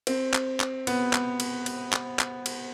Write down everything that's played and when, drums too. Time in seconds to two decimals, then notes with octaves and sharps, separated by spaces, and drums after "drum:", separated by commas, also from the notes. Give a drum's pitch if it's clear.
0.07 C4, drum: cymbal
0.34 drum: clap
0.60 drum: clap
0.87 B3, drum: cymbal
1.13 drum: clap
1.40 drum: cymbal
1.66 drum: cymbal
1.93 drum: clap
2.19 drum: clap
2.46 drum: cymbal